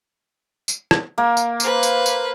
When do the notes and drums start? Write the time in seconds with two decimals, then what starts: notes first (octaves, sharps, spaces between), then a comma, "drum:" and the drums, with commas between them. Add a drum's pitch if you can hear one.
0.68 drum: tambourine
0.91 drum: rim click
1.18 A#3
1.37 drum: tambourine
1.60 B4 C5, drum: tambourine
1.83 drum: tambourine
2.06 drum: tambourine